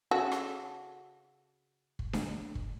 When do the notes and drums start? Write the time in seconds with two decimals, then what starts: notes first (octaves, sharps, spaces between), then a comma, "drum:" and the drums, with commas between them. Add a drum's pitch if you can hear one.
0.11 C#3 F#4 A4
0.32 drum: rim click
1.99 drum: kick
2.13 drum: snare D4
2.55 drum: kick